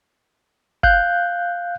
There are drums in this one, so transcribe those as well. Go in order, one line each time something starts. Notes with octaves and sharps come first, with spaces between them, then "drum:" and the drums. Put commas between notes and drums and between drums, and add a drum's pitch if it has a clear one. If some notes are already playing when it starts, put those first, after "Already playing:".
F5 F#6 G6, drum: kick G1